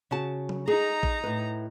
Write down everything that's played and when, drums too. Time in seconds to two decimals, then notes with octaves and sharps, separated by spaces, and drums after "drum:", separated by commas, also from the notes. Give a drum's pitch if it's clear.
0.11 C#3 F#4 A5
0.49 drum: tom F#3
0.68 D#4 G#4 A#5
1.03 drum: kick A1
1.24 A2 B4